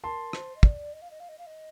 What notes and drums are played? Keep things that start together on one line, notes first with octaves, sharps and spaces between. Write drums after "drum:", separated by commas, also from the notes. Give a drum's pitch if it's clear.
A#4 A5 C6
C5, drum: rim click
D#5
D5, drum: kick
D#5
F5
D#5
F5
D#5
F5
D#5